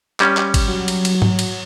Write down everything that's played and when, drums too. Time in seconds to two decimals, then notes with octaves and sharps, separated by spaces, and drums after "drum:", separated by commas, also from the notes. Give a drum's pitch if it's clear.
0.20 G3 C#4, drum: clap
0.37 drum: clap
0.54 drum: kick G#1, cymbal
0.67 F#3
0.88 drum: cymbal
1.05 drum: cymbal
1.22 drum: tom G#2
1.39 drum: cymbal